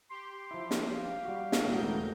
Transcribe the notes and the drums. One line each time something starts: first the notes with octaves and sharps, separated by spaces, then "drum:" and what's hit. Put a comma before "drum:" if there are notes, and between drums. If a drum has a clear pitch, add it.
G4 C6
F3 E4
drum: snare
F5
G3 F#4
drum: snare
E1 A2 C#3 E3 A#3 F#4 A#4 G6